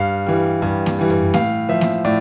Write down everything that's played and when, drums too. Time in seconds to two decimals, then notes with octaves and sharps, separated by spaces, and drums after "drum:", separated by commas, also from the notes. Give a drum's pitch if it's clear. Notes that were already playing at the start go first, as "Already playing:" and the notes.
Already playing: G2 F5
0.27 E3 G3
0.62 G2
0.86 drum: snare A#3
0.99 E3 G3
1.10 drum: tom F#2
1.34 A2 F5, drum: snare A#3
1.69 F3 E5
1.81 drum: snare A#3
2.05 A2 D5